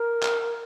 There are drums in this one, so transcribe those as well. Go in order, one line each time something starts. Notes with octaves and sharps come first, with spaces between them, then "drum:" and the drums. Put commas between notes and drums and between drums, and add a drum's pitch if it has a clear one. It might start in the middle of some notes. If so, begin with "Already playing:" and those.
Already playing: A#4
drum: clap